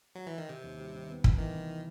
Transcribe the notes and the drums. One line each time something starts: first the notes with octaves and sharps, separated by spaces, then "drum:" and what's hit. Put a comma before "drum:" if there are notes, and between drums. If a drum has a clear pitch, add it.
F#3
E3
D#3
C3 C4
D#2
G3
D#3
B3
C2, drum: kick
D#3 E3
C3